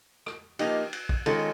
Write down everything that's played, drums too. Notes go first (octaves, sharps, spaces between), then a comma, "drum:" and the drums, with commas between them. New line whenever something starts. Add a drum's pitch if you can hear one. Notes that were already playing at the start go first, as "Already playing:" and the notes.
drum: rim click
F3 A#3 D#4 G4, drum: cymbal
drum: cymbal
drum: kick
D#3 G#3 C#4 F4 A4, drum: cymbal